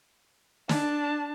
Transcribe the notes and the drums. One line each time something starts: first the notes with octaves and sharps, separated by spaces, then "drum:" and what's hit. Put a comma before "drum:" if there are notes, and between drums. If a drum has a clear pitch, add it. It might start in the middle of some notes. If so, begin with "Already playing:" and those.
D4 A5, drum: snare